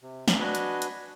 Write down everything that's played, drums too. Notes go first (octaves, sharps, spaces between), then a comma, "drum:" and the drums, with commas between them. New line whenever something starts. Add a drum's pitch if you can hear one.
C3
drum: snare
D4 F#4 B4 D#5 G#5
drum: hi-hat
drum: hi-hat